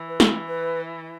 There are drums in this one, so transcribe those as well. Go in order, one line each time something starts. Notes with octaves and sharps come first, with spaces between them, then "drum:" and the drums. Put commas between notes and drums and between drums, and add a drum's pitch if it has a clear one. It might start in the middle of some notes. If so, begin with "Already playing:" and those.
Already playing: E3
B4
A4, drum: snare
B4